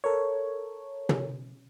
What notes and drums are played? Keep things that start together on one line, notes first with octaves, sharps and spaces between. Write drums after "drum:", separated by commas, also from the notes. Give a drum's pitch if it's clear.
A4 A#4 C#5
drum: tom